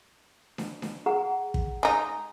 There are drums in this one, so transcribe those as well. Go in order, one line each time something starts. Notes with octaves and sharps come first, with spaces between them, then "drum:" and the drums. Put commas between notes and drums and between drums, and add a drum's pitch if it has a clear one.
drum: snare D4
drum: snare D4
G#4 F#5 A#5
drum: kick
G#3 D#4